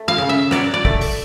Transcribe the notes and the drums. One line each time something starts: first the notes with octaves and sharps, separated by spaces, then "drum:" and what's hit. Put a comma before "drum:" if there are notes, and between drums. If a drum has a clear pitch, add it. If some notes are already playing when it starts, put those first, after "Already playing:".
Already playing: A3
F5
C#3
E5
F#3 D5, drum: rim click
D5
A3, drum: kick
drum: open hi-hat